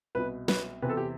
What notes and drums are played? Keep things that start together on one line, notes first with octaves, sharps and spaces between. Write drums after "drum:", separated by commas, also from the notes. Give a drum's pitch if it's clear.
C2 B2 B4
B4, drum: snare
E2 C3 E3 B4
A4
G4